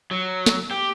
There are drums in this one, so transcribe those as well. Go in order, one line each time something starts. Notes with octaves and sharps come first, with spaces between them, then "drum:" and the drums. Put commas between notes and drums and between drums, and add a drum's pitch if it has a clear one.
F#3
drum: snare
G4